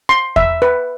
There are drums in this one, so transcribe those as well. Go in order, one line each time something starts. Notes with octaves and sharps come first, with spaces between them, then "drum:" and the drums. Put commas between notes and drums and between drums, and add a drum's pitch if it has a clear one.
C6
E5, drum: kick E2
B4